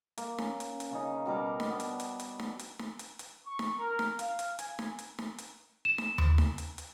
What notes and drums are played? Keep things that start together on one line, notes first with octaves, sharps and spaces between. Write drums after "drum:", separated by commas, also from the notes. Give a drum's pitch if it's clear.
A#3, drum: hi-hat
C#4, drum: snare D#4
drum: hi-hat
drum: hi-hat
C#3 C#4 D#4
B2 G3 A#4 D6
drum: snare D#4
B3 D4
drum: hi-hat
drum: hi-hat
drum: hi-hat
drum: snare D#4
drum: hi-hat
drum: snare D#4
drum: hi-hat
drum: hi-hat
C#6
drum: snare D#4
A#4
drum: snare D#4
F5, drum: hi-hat
drum: hi-hat
G#5, drum: hi-hat
drum: snare D#4
drum: hi-hat
drum: snare D#4
drum: hi-hat
E7
drum: snare D#4
drum: tom D#2
drum: snare D#4
drum: hi-hat
drum: hi-hat